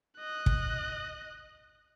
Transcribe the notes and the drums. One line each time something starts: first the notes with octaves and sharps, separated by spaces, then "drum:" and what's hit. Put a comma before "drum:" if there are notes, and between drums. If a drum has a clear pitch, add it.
D#5 F#6
drum: kick